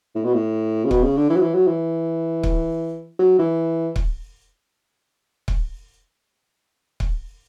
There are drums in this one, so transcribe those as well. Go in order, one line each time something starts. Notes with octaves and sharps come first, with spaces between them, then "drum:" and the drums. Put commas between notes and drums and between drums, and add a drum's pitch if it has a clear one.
A2
B2
A2
C#3
B2, drum: kick C#1
C#3
D3
E3
F#3
E3
F#3
E3
drum: kick C#1
F#3
E3
drum: kick C#1
drum: kick C#1
drum: kick C#1